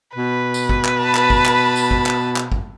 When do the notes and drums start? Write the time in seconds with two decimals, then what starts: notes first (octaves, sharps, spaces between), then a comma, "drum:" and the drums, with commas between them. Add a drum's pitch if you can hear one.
0.15 B2 B4
0.54 drum: tambourine
0.69 drum: kick G#1
0.85 drum: clap
1.00 A5 B5
1.15 drum: clap
1.30 drum: kick G#1
1.45 drum: clap
1.76 drum: tambourine
1.91 drum: kick G#1
2.06 drum: clap
2.36 drum: clap
2.52 drum: kick G#1